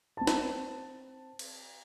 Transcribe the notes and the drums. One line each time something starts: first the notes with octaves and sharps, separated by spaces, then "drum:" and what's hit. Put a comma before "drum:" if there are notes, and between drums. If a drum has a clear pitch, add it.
C4 A5
drum: snare
drum: cymbal